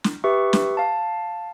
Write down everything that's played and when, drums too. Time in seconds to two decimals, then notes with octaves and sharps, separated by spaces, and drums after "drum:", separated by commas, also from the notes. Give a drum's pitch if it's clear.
0.04 drum: snare
0.24 G4 B4 E5 C#6
0.53 drum: snare
0.77 F5 A5